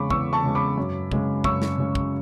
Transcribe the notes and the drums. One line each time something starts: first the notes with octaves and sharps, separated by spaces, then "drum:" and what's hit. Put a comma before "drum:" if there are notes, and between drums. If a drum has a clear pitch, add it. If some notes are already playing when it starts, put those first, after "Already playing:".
Already playing: E2 C#3 G#3 C#4 B5 C#6 D6
E2 C#6 E6, drum: kick
A5 C#6
C#3 G#3 C#4
B5 D6
F#2
C#3 G#3 C#4, drum: kick
F#2 C#6 E6, drum: kick
drum: snare
C#3 G#3 C#4
drum: kick